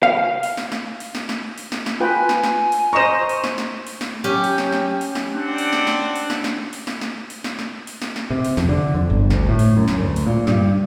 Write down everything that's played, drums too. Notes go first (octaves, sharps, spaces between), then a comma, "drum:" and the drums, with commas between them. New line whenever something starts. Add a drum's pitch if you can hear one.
F5
drum: open hi-hat
drum: snare
drum: snare
drum: open hi-hat
drum: snare
drum: snare
drum: open hi-hat
drum: snare
drum: snare
F4 B4 G5 G#5
drum: snare
drum: snare
drum: open hi-hat
C5 D#5 A#5 C#6 E7
drum: open hi-hat
drum: snare
drum: snare
drum: open hi-hat
drum: snare
F#3 C#4 G4
drum: open hi-hat
drum: snare
drum: snare
drum: open hi-hat
drum: snare
C4 D4 D5 F#5
drum: open hi-hat
drum: snare
drum: snare
drum: open hi-hat
drum: snare
drum: snare
drum: open hi-hat
drum: snare
drum: snare
drum: open hi-hat
drum: snare
drum: snare
drum: open hi-hat
drum: snare
drum: snare
C3
drum: open hi-hat
F2, drum: snare
D3
F2
G1
D2, drum: snare
A2
drum: open hi-hat
F#2
drum: snare
D2
drum: open hi-hat
A#2
G2, drum: snare